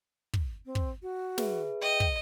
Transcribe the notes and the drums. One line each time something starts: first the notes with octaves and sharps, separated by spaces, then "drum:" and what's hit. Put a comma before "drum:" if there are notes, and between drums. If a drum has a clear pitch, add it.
drum: kick
C4
drum: kick
F#4
G#4 B4 E5, drum: snare
D#5 G5
drum: kick